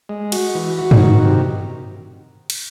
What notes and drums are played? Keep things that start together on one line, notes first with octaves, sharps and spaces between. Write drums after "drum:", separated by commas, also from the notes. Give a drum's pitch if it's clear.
G#3
F#4, drum: cymbal
E3
F#4
drum: tom G2
D#3
C3
drum: cymbal